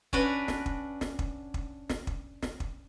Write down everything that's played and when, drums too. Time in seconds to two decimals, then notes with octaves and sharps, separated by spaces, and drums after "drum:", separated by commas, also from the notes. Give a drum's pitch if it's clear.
0.13 C#4 D4 F#4 B4 D5, drum: kick
0.48 drum: snare
0.66 drum: kick
1.01 drum: snare
1.19 drum: kick
1.54 drum: kick
1.89 drum: snare
2.07 drum: kick
2.42 drum: snare
2.60 drum: kick